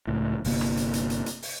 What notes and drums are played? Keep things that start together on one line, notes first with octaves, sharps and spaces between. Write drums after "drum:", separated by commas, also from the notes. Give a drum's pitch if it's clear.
C#2 A2
G1 C3 A#3, drum: open hi-hat
drum: rim click
drum: hi-hat
drum: hi-hat
drum: hi-hat
drum: hi-hat
drum: open hi-hat